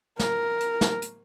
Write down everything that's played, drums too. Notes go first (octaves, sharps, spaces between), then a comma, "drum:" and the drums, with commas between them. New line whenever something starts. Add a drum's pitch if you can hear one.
A#4, drum: snare
drum: hi-hat
drum: snare
drum: hi-hat